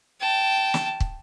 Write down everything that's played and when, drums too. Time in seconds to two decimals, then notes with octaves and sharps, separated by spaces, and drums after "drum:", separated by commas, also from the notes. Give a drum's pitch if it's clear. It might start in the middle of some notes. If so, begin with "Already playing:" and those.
0.21 G5 A5
0.74 drum: snare
1.00 drum: kick